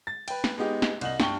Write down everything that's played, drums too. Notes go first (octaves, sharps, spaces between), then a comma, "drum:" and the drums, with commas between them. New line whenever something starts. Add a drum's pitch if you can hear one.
A6
B4 G5, drum: cymbal
drum: snare
G#3 B3 D#4 G4
drum: snare
C2 D#5 F#7, drum: cymbal
G2 G5 C#6 G7, drum: snare